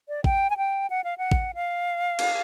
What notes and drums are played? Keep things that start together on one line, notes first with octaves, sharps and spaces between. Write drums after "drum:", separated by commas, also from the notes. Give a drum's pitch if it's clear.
D5
G5, drum: kick
G#5
G5
F#5
F5
F#5
drum: kick
F5
drum: cymbal